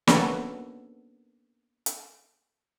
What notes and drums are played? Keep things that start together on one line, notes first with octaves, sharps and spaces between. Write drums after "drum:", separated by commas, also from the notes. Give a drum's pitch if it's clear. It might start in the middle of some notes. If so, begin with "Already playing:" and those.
A#3 B3 C#4 D4 F#4 A4, drum: snare
drum: hi-hat